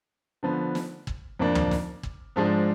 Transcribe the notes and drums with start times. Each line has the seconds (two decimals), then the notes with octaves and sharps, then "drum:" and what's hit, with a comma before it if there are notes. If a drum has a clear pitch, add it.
0.43 D3 F3 B3
0.75 drum: snare
1.07 drum: kick
1.39 F2 F3 A#3 D4
1.55 drum: tom
1.71 drum: snare
2.03 drum: kick
2.36 G#2 F3 G#3 D4